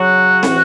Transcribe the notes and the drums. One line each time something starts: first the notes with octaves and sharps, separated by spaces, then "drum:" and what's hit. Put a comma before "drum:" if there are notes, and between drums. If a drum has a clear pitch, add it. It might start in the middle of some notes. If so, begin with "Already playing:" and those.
Already playing: C#3 F#3 F#4
A2 E3, drum: snare